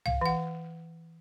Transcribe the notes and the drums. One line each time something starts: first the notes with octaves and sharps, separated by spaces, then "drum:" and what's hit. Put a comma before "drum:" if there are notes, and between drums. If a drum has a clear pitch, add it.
F5, drum: tom C2
E3 F#5